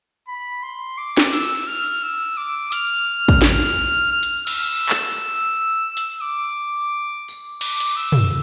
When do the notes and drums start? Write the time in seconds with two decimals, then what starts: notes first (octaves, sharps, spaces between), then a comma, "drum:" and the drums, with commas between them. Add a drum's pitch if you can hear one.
0.28 B5
0.63 C6
0.98 D6
1.17 drum: snare
1.33 E6, drum: cymbal
1.67 F6
2.02 E6
2.37 D6
2.72 F6, drum: hi-hat
3.28 drum: kick
3.42 F6, drum: snare
4.12 F6
4.23 drum: hi-hat
4.47 E6, drum: cymbal
4.89 drum: clap
5.97 drum: hi-hat
6.21 D6
7.28 drum: tambourine
7.61 D6, drum: cymbal
7.80 drum: hi-hat
7.96 E6
8.12 drum: tom